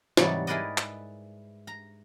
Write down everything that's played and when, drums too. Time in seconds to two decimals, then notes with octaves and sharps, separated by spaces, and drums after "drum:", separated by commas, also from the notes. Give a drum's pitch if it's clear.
0.17 G#2 C3 E3 F#3 G3 D5, drum: snare
0.47 E4 G#4 A#4 B4 D5 D#5
0.78 drum: clap
1.67 A#5